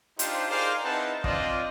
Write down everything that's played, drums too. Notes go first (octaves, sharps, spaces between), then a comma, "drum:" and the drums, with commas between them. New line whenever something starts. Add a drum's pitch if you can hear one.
D4 D#4 F4 G4 C5, drum: hi-hat
D#4 G#4 A#4 C5 D5 F5
C4 D#4 E4 B4 F#5 A5
C4 D4 F4 D5 D#5, drum: kick